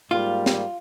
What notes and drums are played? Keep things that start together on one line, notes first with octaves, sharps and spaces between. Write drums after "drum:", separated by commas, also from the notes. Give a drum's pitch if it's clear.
G#2 G3 A#3 F4
drum: snare